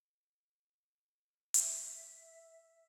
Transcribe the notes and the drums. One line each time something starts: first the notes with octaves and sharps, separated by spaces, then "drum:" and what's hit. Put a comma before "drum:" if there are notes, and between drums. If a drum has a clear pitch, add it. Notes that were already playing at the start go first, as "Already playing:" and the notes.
E5, drum: hi-hat